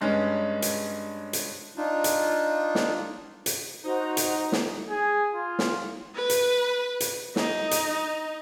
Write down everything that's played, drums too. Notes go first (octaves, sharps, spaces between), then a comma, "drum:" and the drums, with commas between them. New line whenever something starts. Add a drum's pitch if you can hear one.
G2 G#3 C#4
drum: hi-hat
drum: hi-hat
D4 D#4 F4
drum: hi-hat
drum: snare
drum: hi-hat
D#4 F#4 C5 A#5
drum: hi-hat
drum: snare
G#4
F4
drum: snare
B4
drum: hi-hat
drum: hi-hat
D#4, drum: snare
drum: hi-hat